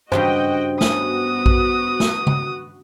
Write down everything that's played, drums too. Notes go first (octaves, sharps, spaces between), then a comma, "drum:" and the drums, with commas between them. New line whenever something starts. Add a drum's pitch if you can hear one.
G2 C#3 F#4 G4 C5 D#5 G5, drum: tom F#2
G3 B3 C#4 F#4 D#5 D#6, drum: snare
drum: kick A#1
drum: snare
drum: tom C#3